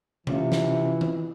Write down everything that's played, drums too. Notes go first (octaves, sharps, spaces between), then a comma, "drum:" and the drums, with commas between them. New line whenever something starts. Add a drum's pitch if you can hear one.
C3 E3 C#4 F4, drum: tom B2
drum: snare
drum: tom D#3